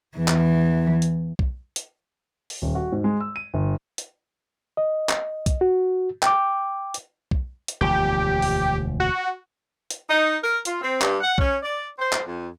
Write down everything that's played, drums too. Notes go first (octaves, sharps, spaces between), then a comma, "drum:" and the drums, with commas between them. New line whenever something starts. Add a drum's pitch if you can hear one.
E2 E3
drum: clap
drum: hi-hat
drum: kick B1
drum: hi-hat
drum: open hi-hat
D#1
F#4
G#2
G#3
E6
D#7
G1
drum: hi-hat
D#5
drum: clap
drum: kick B1, hi-hat
F#4
G5 D6, drum: clap
drum: hi-hat
drum: kick B1
drum: hi-hat
E1 D2 F3 G4
drum: open hi-hat
F#4
drum: hi-hat
D#4
A#4
F4, drum: hi-hat
C4
G2, drum: clap
F#5
C#4, drum: kick B1
D5
C5
drum: clap
F2